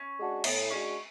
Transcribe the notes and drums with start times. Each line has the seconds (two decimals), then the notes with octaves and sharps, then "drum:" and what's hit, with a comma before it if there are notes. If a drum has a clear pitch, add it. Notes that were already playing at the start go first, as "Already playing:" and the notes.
Already playing: C#4
0.19 G#3 D4 F#4
0.44 A2 B3, drum: cymbal
0.70 G#3 C#4 D4 F#4